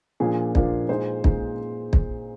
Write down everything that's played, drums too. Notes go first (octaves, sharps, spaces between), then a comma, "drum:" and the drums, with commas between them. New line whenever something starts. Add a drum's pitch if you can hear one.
A#2 F3 A#3 D4 G#4
A#2 F3 A#3 D4, drum: kick
A#2 G#3 D#4 C5
A#2 G#3 D#4, drum: kick
drum: kick